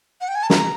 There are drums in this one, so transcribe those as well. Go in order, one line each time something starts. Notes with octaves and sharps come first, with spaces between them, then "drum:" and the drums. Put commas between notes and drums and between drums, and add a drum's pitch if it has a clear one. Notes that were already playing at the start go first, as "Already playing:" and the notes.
F#5
G5
G#5
A5
A#5, drum: snare